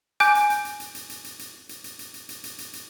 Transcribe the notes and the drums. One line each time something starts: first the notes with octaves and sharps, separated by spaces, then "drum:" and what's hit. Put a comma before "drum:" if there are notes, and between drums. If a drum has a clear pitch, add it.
G#5 D6 F#6 G6, drum: hi-hat
drum: hi-hat
drum: hi-hat
drum: hi-hat
drum: hi-hat
drum: hi-hat
drum: hi-hat
drum: hi-hat
drum: hi-hat
drum: hi-hat
drum: hi-hat
drum: hi-hat
drum: hi-hat
drum: hi-hat
drum: hi-hat
drum: hi-hat
drum: hi-hat